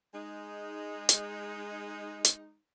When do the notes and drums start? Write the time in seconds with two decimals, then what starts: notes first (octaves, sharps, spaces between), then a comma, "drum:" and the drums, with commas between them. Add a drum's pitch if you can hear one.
0.14 G#3 D#4
1.09 drum: hi-hat
2.25 drum: hi-hat